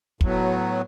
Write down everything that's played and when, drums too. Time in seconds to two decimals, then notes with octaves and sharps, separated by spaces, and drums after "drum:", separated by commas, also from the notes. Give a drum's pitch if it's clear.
0.21 A2 F#3 B3, drum: kick